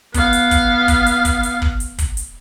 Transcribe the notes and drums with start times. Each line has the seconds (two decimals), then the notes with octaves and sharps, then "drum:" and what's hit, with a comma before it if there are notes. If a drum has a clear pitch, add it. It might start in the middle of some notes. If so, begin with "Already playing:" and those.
0.14 B3 F5, drum: kick, hi-hat
0.33 drum: hi-hat
0.51 drum: kick, hi-hat
0.88 drum: kick, hi-hat
1.06 drum: hi-hat
1.25 drum: kick, hi-hat
1.43 drum: hi-hat
1.62 drum: kick
1.80 drum: hi-hat
1.98 drum: kick, hi-hat
2.17 drum: hi-hat